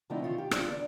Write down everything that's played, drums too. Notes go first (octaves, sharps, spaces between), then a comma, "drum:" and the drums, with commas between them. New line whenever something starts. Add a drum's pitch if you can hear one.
D3 F3 A3 C4 D#4 E4
D#3 F4 C#5
G4
D4 F4, drum: rim click
E2 D3 D5